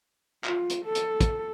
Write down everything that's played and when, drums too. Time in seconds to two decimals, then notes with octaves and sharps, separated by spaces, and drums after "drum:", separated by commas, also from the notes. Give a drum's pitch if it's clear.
0.44 F4, drum: clap
0.70 drum: hi-hat
0.85 A4
0.95 drum: hi-hat
1.21 drum: kick, hi-hat